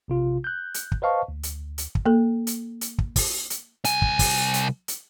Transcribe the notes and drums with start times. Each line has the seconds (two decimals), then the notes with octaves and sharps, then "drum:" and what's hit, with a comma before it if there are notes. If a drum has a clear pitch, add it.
0.08 A#1 C3 F4
0.44 F#6 G6
0.74 drum: hi-hat
0.92 drum: kick
1.02 B4 C5 D#5 F5 A5 C#6
1.28 D2
1.43 drum: hi-hat
1.78 drum: hi-hat
1.95 drum: kick
2.06 A#3 A4
2.47 drum: hi-hat
2.81 drum: hi-hat
2.98 drum: kick
3.16 drum: kick, open hi-hat
3.50 drum: hi-hat
3.85 C2 G#5, drum: hi-hat
4.02 drum: kick
4.19 drum: kick, open hi-hat
4.54 drum: hi-hat
4.88 drum: hi-hat